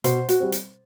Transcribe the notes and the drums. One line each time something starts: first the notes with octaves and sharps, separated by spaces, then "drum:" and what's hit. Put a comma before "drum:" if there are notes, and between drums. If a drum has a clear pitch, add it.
B2 C5, drum: hi-hat
F#4, drum: hi-hat
G3 C4
drum: hi-hat